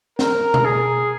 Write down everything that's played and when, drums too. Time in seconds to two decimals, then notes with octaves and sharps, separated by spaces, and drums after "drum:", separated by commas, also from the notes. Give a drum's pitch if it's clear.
0.19 A#4, drum: snare
0.54 drum: tom B2
0.65 G#4